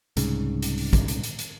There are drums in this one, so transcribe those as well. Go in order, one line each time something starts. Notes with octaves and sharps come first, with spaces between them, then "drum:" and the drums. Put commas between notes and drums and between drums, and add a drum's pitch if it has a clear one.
C2 G#2 C#3, drum: hi-hat
drum: hi-hat
drum: open hi-hat
drum: kick, hi-hat
drum: hi-hat
drum: hi-hat
drum: hi-hat